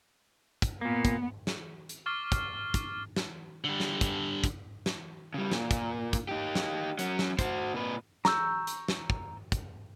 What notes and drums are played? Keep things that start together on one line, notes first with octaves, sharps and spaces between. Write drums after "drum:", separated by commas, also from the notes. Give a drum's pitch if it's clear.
drum: kick, hi-hat
A#2 A#3 B3
drum: kick, hi-hat
drum: snare
drum: hi-hat
C#6 D6 F6 A6 C7 G7
drum: kick, hi-hat
drum: kick, hi-hat
drum: snare
D3 G3
drum: snare
drum: kick, hi-hat
drum: kick, hi-hat
drum: snare
C#3 G3
A#2, drum: snare
drum: kick, hi-hat
drum: kick, hi-hat
D#4 G4
drum: snare
F#3 C#4, drum: hi-hat
drum: snare
F#4 C5, drum: kick, hi-hat
A#2 B4
A#5 C#6 E6 G6, drum: snare
drum: hi-hat
drum: snare
drum: kick
drum: kick, hi-hat